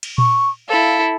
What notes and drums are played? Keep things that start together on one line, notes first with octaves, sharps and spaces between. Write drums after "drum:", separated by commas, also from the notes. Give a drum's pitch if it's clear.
drum: cymbal
C#6, drum: tom A#2
E4 A4 F5